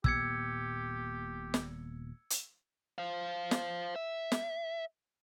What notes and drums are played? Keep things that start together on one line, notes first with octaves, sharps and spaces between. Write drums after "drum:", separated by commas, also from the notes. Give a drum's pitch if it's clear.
D#1 A#2 B3 G4 E6 G#6 C#7, drum: kick
drum: snare
drum: hi-hat
C5 F5
drum: snare
E5
drum: snare